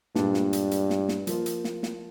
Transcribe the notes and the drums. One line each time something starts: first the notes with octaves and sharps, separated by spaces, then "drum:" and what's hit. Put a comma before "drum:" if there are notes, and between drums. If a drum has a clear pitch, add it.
G2 A#2 G#3 D4, drum: snare
drum: snare
drum: hi-hat
drum: hi-hat
drum: snare
drum: snare
F3 A#3 F4, drum: hi-hat
drum: hi-hat
drum: snare
drum: snare